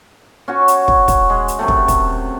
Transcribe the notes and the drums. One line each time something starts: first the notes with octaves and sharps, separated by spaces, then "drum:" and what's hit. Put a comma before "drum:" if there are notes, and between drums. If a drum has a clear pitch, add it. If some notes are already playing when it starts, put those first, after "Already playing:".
C#4 F#4 C#5
drum: hi-hat
drum: kick
drum: kick, hi-hat
G#3
drum: hi-hat
F#2 C3 A3
drum: kick
drum: kick, hi-hat